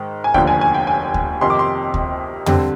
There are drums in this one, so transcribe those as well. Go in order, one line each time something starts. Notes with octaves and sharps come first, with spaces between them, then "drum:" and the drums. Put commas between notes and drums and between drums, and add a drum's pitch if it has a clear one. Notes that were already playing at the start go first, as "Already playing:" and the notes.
Already playing: G#2 D#3
G#5
F1 D#2 D3 F3 G5, drum: kick D2
G#5
G#5
G5
G#5
drum: kick D2
F2 C3 D#3 C6
D6
C6
drum: kick D2
G2 D3 G3 C4, drum: tom